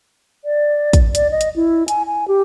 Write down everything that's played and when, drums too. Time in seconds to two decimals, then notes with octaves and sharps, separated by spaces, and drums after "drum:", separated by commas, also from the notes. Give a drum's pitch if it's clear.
0.45 D5
0.93 drum: kick, hi-hat
1.15 D5, drum: hi-hat
1.31 D#5
1.41 drum: hi-hat
1.56 E4
1.88 G#5, drum: hi-hat
2.06 G#5
2.28 G4